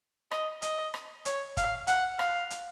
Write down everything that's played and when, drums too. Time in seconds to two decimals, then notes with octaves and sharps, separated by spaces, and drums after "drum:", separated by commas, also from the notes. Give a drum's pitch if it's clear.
0.31 D#5, drum: rim click
0.62 D#5, drum: hi-hat
0.94 drum: rim click
1.25 C#5, drum: hi-hat
1.57 F5, drum: kick G1, hi-hat
1.87 F#5, drum: hi-hat
2.19 F5, drum: rim click
2.50 drum: hi-hat